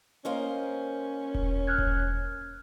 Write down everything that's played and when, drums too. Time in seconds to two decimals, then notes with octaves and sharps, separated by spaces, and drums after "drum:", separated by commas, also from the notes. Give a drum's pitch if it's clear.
0.25 A#3 C#4 C5 D#5
1.35 drum: kick E1
1.67 F6 F#6 G#6
1.78 drum: kick E1